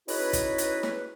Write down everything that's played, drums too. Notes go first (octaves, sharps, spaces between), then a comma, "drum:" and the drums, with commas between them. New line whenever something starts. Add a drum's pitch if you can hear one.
C#4 D#4 E4 F#4 G#4 B4, drum: open hi-hat
drum: kick, hi-hat
drum: hi-hat
drum: snare